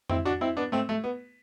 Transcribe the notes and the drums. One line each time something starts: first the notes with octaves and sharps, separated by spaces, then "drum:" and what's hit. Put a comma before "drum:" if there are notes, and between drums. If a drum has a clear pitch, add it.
C4 E4, drum: tom F2
D4 F#4
C4 E4
B3 D4
A3 C4
A3
B3